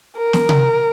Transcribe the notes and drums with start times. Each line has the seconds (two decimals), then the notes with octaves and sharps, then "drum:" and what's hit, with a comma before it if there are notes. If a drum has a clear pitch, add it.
0.17 A#4
0.33 drum: snare
0.49 drum: tom C3